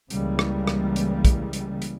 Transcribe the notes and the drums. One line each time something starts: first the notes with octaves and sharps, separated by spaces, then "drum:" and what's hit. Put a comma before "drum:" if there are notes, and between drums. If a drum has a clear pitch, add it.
C#2 C#3 E3 G3 G#3 A#3, drum: hi-hat
drum: rim click
drum: rim click
drum: hi-hat
drum: kick, hi-hat
drum: hi-hat
drum: hi-hat